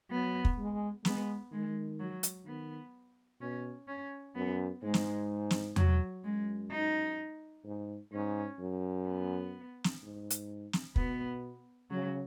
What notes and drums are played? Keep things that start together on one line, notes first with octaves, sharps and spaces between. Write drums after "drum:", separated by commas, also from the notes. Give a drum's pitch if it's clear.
F#3 B3
drum: kick
G#3
G#3 B3, drum: snare
D#3 G#3
F#3
drum: hi-hat
D#3 B3
B2 C#4
C#4
F#2 B3
G#2 G#3
drum: snare
drum: snare
F#3, drum: tom E2
F#2 G#3
D#4
G#2
G#2 C#4
F#2
B3
drum: snare
G#2
drum: hi-hat
drum: snare
B2 B3, drum: kick
C#3 F#3